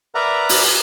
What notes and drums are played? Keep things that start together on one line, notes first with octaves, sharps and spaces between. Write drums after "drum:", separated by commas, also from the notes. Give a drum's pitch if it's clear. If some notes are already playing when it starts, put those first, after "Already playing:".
A#4 B4 D5 E5 F#5 A#5
drum: open hi-hat